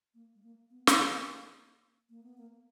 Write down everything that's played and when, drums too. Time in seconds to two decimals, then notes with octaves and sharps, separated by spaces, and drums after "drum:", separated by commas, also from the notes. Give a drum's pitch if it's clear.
0.14 A#3
0.35 G#3
0.43 A#3
0.71 B3
0.87 drum: snare
0.99 A#3
2.10 A#3
2.23 B3
2.37 A#3